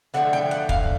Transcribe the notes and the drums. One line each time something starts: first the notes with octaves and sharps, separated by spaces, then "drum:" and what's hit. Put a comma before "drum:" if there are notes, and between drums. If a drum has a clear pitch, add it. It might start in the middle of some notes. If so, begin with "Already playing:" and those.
D3 F3 A3 F#5
G5
F#5
F5, drum: kick